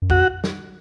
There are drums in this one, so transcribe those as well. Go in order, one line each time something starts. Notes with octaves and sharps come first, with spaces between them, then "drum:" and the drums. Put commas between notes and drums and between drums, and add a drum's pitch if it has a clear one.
F#2
F2 F#4, drum: kick
drum: snare